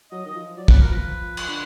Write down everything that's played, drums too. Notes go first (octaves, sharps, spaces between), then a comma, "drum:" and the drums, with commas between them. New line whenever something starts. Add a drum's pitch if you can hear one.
F#3 D#5
D#3 D#5
F3
F#3 D5
F#3 B4, drum: kick
F3 A#4
F3 B4
drum: cymbal
D3